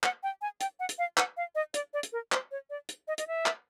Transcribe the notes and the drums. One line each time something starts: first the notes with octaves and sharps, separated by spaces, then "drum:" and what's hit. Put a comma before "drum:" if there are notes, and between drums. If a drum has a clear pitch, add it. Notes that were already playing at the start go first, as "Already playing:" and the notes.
F#5, drum: clap
G5
G#5
G5, drum: hi-hat
F#5
drum: hi-hat
F5
F#5, drum: clap
F5
D#5
D5, drum: hi-hat
D5
drum: hi-hat
A#4
C5, drum: clap
C#5
D5
drum: hi-hat
D#5
D#5, drum: hi-hat
E5
drum: clap